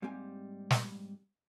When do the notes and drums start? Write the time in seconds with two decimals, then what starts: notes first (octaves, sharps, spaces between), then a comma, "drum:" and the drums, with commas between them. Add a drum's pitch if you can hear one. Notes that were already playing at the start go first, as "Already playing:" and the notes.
0.02 G#2 G3 A#3 C4 G4 G#5
0.70 drum: snare